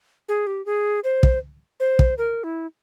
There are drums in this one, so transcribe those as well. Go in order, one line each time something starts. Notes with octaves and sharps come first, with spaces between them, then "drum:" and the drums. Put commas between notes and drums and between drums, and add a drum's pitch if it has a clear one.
G#4
G4
G#4
C5
drum: kick
C5
drum: kick
A#4
E4